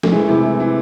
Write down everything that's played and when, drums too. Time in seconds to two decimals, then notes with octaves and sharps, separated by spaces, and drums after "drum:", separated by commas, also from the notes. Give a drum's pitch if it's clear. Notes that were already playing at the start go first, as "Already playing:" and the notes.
0.03 A3, drum: snare
0.11 E3 G#3
0.28 C3 E4
0.44 E3
0.60 E3